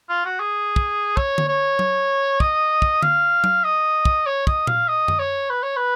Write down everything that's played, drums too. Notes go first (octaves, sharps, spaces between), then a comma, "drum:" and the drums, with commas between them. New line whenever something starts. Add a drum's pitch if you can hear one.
F4
F#4
G#4
drum: kick
C#5, drum: kick
drum: tom D3
C#5
drum: tom
D#5, drum: kick
drum: kick
F5, drum: tom D3
drum: tom
D#5
drum: kick
C#5
D#5, drum: kick
F5, drum: tom A#2
D#5
drum: tom F#2
C#5
B4
C#5
B4